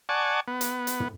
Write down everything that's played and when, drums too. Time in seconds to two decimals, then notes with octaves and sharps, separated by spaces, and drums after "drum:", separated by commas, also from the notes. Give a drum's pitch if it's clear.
0.09 D5 F#5 G#5 A5 C#6
0.48 B3
0.61 drum: hi-hat
0.87 drum: hi-hat
1.00 drum: tom